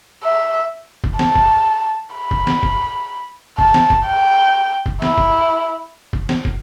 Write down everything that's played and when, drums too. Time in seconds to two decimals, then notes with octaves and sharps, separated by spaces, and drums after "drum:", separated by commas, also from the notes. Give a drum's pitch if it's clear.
0.24 E5
1.04 drum: kick
1.19 A5, drum: snare
1.36 drum: kick
2.16 B5
2.31 drum: kick
2.47 drum: snare
2.63 drum: kick
3.59 A5, drum: kick
3.74 drum: snare
3.90 drum: kick
4.06 G5
4.86 drum: kick
5.02 E4, drum: snare
5.18 drum: kick
6.13 drum: kick
6.29 drum: snare
6.45 drum: kick